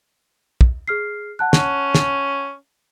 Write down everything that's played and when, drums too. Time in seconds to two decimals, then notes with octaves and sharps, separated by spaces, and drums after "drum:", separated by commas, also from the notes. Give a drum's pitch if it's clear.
0.61 drum: kick
0.88 G#4 F6 C7
1.39 F#5 A5 F#6
1.53 C#4, drum: snare
1.95 drum: snare